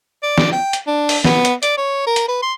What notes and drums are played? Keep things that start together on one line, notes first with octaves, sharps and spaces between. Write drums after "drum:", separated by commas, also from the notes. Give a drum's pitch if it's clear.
D5
drum: snare
G5
drum: hi-hat
D4
drum: open hi-hat
B3, drum: snare
drum: hi-hat
D5, drum: hi-hat
C#5
A#4
drum: hi-hat
B4
C6